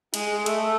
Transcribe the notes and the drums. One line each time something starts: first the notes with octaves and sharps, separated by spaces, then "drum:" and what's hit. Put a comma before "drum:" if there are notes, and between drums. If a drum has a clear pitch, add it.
G#3 G#4, drum: cymbal
G#4
A3 A4, drum: cymbal
A4